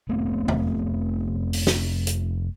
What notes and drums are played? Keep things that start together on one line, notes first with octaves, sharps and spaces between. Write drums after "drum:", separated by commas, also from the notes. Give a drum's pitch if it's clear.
F1 A3 B3 C4
drum: tom E2
drum: open hi-hat
drum: snare
drum: hi-hat